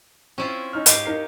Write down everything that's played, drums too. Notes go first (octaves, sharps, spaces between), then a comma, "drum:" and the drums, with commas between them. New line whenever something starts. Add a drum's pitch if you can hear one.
C4 C#4 E4 F4
C#4 D#4 F6
G#2 G4 D#5 F5 G#5, drum: hi-hat
D#4 A#4 C7